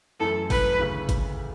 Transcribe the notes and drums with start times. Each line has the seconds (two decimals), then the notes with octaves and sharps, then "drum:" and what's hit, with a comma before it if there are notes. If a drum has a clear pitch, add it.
0.20 F#2 E3 A3 E4 A4
0.50 B4, drum: kick G#1, open hi-hat
0.79 D2 C#3 E3
1.09 drum: kick G#1, hi-hat